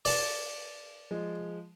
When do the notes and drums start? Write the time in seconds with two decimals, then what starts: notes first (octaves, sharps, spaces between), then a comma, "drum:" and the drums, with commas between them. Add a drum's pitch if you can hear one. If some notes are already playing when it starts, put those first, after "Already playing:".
0.05 D5 A5, drum: open hi-hat
1.11 F3 G#3